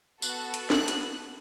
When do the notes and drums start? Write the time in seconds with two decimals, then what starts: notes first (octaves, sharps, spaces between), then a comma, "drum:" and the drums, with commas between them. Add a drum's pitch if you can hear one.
0.22 B3 F#4 A4 F#6, drum: tambourine
0.54 drum: hi-hat
0.70 F#6, drum: snare
0.88 drum: hi-hat